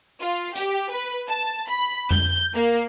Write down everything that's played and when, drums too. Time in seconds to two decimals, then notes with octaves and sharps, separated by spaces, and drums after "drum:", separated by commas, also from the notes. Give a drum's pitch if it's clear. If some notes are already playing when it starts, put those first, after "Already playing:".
0.21 F4
0.55 G4, drum: hi-hat
0.91 B4
1.28 A5
1.68 B5
2.11 G6, drum: tom F2
2.54 A#3